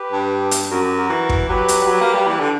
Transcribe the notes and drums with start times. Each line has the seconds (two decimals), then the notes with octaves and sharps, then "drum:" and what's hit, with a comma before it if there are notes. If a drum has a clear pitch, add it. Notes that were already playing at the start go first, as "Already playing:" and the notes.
Already playing: G4 B4
0.12 G2
0.51 drum: hi-hat
0.70 F#2 F#4 A#4
0.84 G4
0.97 F#4 A#4
1.10 E3
1.29 drum: kick
1.49 F#3 G4 B4
1.68 drum: hi-hat
1.82 G3
1.88 F#3
2.01 A#3
2.14 G3
2.27 E3
2.40 D3